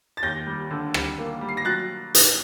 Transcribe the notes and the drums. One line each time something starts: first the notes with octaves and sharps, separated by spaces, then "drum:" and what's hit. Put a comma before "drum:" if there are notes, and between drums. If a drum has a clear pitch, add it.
A6
D#2 G6 A#6
G3
D3
G3, drum: rim click
A#3
G3
C7
A#6
F#3 F#6 A6
drum: hi-hat